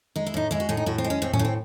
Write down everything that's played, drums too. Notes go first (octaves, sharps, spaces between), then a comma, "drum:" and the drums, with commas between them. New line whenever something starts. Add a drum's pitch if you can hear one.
G#3 D#4
E4
A2 D#4
G#3 E4
F#4
A2 G#4
D#4
A2 F#4
C4
G#3
C#4
A2 C4
C#4, drum: tom A2
A2
C4